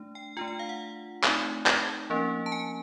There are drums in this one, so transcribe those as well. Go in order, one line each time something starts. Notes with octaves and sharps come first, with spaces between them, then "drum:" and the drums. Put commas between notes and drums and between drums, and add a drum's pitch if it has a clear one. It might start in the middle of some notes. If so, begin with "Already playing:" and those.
Already playing: A3 D4
G5
A3 D4 F4 G5
G5
F5
F#5
A3 C4 D#4, drum: clap
G5, drum: clap
F3 A#3 C#4
A5
G#5